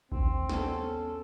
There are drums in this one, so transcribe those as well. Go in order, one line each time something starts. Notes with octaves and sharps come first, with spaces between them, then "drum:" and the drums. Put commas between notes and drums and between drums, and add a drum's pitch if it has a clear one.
D#2 C4, drum: kick A1
B3 C#4 A4, drum: snare